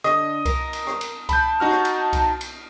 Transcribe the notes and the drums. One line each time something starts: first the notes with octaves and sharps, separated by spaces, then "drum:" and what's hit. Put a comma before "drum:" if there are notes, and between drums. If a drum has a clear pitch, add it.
D3 D#5 D#6, drum: rim click
A#4, drum: kick C2, cymbal
drum: cymbal
drum: rim click
drum: cymbal
A5 B5 G6, drum: kick C2, cymbal
D#4 F#4 F6
drum: rim click
drum: cymbal
drum: kick C2, cymbal
drum: cymbal